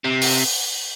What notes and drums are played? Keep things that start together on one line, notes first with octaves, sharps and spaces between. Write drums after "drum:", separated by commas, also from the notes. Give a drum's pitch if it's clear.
C3
drum: open hi-hat